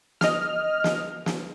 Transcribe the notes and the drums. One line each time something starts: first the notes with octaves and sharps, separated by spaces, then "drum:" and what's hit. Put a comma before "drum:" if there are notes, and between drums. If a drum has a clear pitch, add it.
D#5 F6, drum: snare
drum: snare
drum: snare